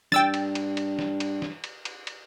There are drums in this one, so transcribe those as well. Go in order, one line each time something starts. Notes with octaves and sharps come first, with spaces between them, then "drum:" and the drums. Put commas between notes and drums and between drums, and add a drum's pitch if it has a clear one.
G2 G5 E6 A6, drum: snare
drum: cymbal
drum: cymbal
drum: cymbal
drum: snare
drum: cymbal
drum: snare
drum: cymbal
drum: cymbal
drum: cymbal